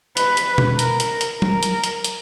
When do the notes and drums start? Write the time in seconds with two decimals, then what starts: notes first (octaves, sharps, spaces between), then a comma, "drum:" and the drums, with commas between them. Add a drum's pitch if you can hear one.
0.17 B4, drum: hi-hat
0.37 drum: hi-hat
0.58 drum: tom B2
0.79 A#4, drum: hi-hat
1.00 drum: hi-hat
1.21 drum: hi-hat
1.42 A#4, drum: tom F#3
1.63 drum: hi-hat
1.84 drum: hi-hat
2.04 drum: hi-hat